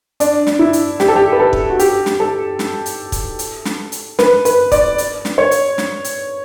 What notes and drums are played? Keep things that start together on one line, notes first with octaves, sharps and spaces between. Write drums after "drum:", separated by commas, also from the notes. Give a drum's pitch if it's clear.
D4, drum: hi-hat
drum: snare
E4
drum: hi-hat
G4, drum: snare
A4
G4
B4
A4
drum: kick
F#4
G4, drum: hi-hat
drum: snare
A4
drum: snare
drum: hi-hat
drum: kick, hi-hat
drum: hi-hat
drum: snare
drum: hi-hat
B4, drum: snare
B4, drum: hi-hat
D5, drum: kick, hi-hat
drum: hi-hat
drum: snare
C#5
drum: hi-hat
drum: snare
drum: hi-hat